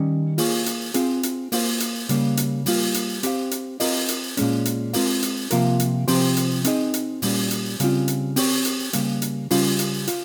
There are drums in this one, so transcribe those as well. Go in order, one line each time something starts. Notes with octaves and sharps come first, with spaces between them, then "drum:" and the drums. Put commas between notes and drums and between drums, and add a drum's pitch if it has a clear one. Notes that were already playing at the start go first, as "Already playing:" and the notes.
Already playing: D#3 G3 C#4
A#3 F4 G#4 C#5, drum: open hi-hat
drum: hi-hat
C4 F4 G#4, drum: hi-hat
drum: hi-hat
A#3 F4 C5 F5, drum: open hi-hat
drum: hi-hat
C#3 G3 A#3, drum: hi-hat
drum: hi-hat
G3 A#3 F4, drum: open hi-hat
drum: hi-hat
C4 G4 C5 F5, drum: hi-hat
drum: hi-hat
C4 F4 A#4 D#5, drum: open hi-hat
drum: hi-hat
A#2 G#3 C#4, drum: hi-hat
drum: hi-hat
G#3 C4 F4 A#4 F5, drum: open hi-hat
drum: hi-hat
C3 F3 A#3 F4 A#4, drum: hi-hat
drum: hi-hat
C3 F3 C4 G4 C5, drum: open hi-hat
drum: hi-hat
C4 D#4 G#4 D#5, drum: hi-hat
drum: hi-hat
A#2 G3 C#4, drum: open hi-hat
drum: hi-hat
C#3 G3 C4 F4, drum: hi-hat
drum: hi-hat
C4 G4 C#5, drum: open hi-hat
drum: hi-hat
C#3 G3 A#3, drum: hi-hat
drum: hi-hat
C#3 G3 C#4 F4, drum: open hi-hat
drum: hi-hat
F4, drum: hi-hat